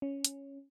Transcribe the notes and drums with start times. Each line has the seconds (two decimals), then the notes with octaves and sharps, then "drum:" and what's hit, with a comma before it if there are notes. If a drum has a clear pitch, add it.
0.02 C#4
0.25 drum: hi-hat